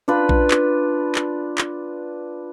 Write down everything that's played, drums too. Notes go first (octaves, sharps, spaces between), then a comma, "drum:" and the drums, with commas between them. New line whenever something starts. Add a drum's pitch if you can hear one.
D4 F4 B4
drum: kick A#1
drum: clap
drum: clap
drum: clap